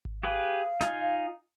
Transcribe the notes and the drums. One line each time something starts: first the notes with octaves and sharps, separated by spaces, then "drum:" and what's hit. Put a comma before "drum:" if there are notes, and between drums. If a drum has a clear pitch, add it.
drum: kick G#1
G4 G#4 B4 F5
D#4 F4 G#5, drum: snare